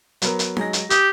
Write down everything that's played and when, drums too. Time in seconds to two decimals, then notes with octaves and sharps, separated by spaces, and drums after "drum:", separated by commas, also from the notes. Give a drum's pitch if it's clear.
0.22 F#3 B3 A#4, drum: hi-hat
0.39 drum: hi-hat
0.57 F#3 G#3 A#6, drum: snare D#4
0.73 drum: hi-hat
0.90 G4 D#6, drum: hi-hat